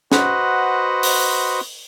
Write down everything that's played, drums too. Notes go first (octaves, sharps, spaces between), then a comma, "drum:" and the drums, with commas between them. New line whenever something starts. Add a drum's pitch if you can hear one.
F#4 B4 C5 D#5 F#5, drum: snare
drum: open hi-hat